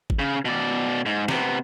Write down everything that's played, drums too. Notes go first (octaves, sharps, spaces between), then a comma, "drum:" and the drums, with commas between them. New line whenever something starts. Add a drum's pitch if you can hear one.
drum: kick
C#3
B2 D5
G#2
C3 B3, drum: snare